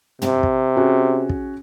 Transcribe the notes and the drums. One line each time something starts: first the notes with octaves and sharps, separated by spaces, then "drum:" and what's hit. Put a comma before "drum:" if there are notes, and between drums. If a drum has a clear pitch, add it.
C3, drum: tom
drum: kick
C#4 F#4 G#4
drum: kick